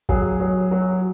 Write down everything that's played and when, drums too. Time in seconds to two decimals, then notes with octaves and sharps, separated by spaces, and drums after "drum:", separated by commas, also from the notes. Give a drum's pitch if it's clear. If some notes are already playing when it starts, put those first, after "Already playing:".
0.09 F#3 G#4, drum: kick
0.40 F#3
0.71 F#3